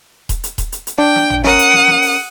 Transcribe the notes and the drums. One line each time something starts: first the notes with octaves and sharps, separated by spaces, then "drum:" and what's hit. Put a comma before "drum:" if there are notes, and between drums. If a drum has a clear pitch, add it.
drum: kick D#1, hi-hat
drum: hi-hat
drum: kick D#1, hi-hat
drum: hi-hat
drum: hi-hat
D4 G5
drum: snare
drum: tom G#1
C#4 A#4 F#5 D#6, drum: snare
drum: hi-hat
drum: snare
drum: snare
drum: open hi-hat